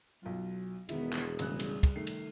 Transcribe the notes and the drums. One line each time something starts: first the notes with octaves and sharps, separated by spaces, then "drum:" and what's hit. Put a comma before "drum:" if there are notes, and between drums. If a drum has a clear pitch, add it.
B1 F#3 F4
E1 D#3 B3 E4 G#4, drum: cymbal
drum: clap
A1 C#3 G3 F#6, drum: cymbal
drum: cymbal
drum: kick, cymbal
D#3 A3 C7
drum: cymbal